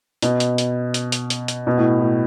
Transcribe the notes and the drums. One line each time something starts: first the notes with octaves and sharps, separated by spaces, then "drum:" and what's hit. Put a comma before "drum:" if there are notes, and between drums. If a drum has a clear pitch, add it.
B2, drum: hi-hat
drum: hi-hat
drum: hi-hat
drum: hi-hat
drum: hi-hat
drum: hi-hat
drum: hi-hat
B2
A2
A2